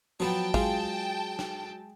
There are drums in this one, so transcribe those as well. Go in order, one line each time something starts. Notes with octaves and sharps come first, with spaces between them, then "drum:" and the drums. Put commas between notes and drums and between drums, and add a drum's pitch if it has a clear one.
F3 F#3 B3 G5 A5
G#3 F4, drum: kick
drum: snare